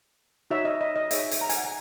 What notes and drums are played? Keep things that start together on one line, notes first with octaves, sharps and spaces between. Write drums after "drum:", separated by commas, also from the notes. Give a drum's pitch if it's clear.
D#4 F#4 C#5 E5
D#5
D#5
D#5
D#4 G#4 C#5 E5, drum: hi-hat
drum: hi-hat
A#5
G#5, drum: hi-hat
F#5
G#5